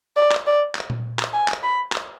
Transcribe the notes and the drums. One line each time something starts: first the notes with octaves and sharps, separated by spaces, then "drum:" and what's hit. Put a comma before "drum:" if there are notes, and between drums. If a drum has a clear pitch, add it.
D5
drum: clap
D5
drum: clap
drum: tom A#2
drum: clap
G#5
drum: clap
B5
drum: clap